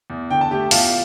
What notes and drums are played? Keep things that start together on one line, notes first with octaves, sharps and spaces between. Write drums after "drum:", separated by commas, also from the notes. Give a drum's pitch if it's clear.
E2
D3 G5
A5
A3 G4 G5
E2 F4 F5, drum: open hi-hat